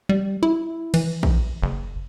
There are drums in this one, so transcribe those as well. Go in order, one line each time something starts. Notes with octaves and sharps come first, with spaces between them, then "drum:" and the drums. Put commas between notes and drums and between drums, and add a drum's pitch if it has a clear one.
G3
E4
E3, drum: cymbal
drum: kick A#1
F#1